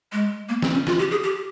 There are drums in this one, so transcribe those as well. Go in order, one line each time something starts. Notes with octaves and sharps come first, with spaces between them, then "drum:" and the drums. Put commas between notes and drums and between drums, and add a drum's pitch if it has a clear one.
G#3
A#3
C4, drum: snare
C#4
F4, drum: snare
G4
G#4
G4